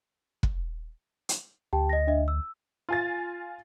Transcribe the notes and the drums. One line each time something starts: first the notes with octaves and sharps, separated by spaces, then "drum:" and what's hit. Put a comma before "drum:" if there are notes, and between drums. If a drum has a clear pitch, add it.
drum: kick
drum: hi-hat
D2 G4 G5 A5
D#5 A#6
D4 D#5 E5
E6
F4 G#5 A6